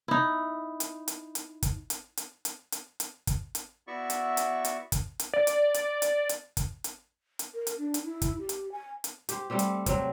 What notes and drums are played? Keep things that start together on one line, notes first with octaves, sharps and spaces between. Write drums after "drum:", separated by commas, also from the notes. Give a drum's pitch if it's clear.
D#4 E4
drum: hi-hat
drum: hi-hat
drum: hi-hat
drum: kick, hi-hat
drum: hi-hat
drum: hi-hat
drum: hi-hat
drum: hi-hat
drum: hi-hat
drum: kick, hi-hat
drum: hi-hat
B3 E4 F#4 D5 E5 C#6
drum: hi-hat
drum: hi-hat
drum: hi-hat
drum: kick, hi-hat
drum: hi-hat
D5
drum: hi-hat
drum: hi-hat
drum: hi-hat
drum: hi-hat
drum: kick, hi-hat
drum: hi-hat
drum: hi-hat
A#4
drum: hi-hat
D4
drum: hi-hat
E4
drum: kick, hi-hat
G4
drum: hi-hat
G#5
drum: hi-hat
G4 C5, drum: hi-hat
G3 A3 C4 G4
drum: hi-hat
C3 F#3 C4, drum: kick, hi-hat